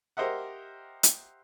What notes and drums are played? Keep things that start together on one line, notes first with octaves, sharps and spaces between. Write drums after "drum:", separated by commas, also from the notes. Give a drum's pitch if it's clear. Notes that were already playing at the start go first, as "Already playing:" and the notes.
G4 A#4 C5 D#5 E5 F#5
drum: hi-hat